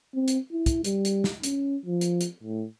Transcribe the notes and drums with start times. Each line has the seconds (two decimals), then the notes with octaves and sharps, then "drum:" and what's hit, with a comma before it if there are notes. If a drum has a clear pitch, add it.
0.14 C4
0.28 drum: hi-hat
0.52 E4
0.66 drum: kick, hi-hat
0.84 G3, drum: hi-hat
1.05 drum: hi-hat
1.24 drum: snare
1.43 C#4, drum: hi-hat
1.86 F3
2.01 drum: hi-hat
2.21 drum: hi-hat
2.43 A2